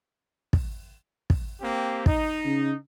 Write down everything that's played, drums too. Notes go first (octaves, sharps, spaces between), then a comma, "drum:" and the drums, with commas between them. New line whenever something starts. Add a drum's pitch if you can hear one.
drum: kick
drum: kick
A#3 C4 G4
D#4, drum: kick
C#3